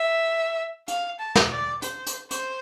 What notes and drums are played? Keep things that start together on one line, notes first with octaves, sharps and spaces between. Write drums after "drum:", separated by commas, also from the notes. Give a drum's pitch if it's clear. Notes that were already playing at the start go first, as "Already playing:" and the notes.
Already playing: E5
F5, drum: hi-hat
A5
drum: snare
D5
C5, drum: hi-hat
drum: hi-hat
C5, drum: hi-hat